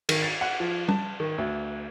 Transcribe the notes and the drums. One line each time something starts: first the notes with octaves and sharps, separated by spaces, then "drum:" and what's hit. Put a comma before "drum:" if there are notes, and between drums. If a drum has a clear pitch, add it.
D#3, drum: cymbal
A6
F#5
F3
A5, drum: tom
D#3
D2